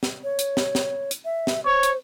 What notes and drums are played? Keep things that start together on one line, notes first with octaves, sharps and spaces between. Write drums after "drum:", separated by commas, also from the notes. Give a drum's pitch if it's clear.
drum: snare
C#5
drum: hi-hat
drum: snare
drum: snare
drum: hi-hat
E5
drum: snare
C5 C#5
drum: hi-hat